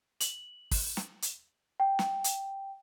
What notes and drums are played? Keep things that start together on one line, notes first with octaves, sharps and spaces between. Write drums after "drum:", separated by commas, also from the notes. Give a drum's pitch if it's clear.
F#7, drum: hi-hat
drum: kick, open hi-hat
drum: snare
drum: hi-hat
G5
drum: snare
drum: hi-hat